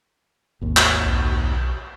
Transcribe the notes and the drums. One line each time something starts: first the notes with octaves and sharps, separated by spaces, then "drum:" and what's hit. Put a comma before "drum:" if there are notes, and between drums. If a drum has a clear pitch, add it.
G#1 D#2
drum: clap
B1